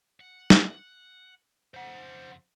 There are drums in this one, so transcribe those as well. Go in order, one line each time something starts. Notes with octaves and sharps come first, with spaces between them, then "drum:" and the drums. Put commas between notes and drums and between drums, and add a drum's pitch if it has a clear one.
F#5
drum: snare
F2 C#3 C5 F#5